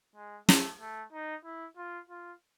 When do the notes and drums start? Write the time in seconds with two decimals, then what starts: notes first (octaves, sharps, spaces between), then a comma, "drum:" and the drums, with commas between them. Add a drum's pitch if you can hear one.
0.16 G#3
0.49 A3, drum: snare
0.80 A3
1.12 D#4
1.45 E4
1.77 F4
2.10 F4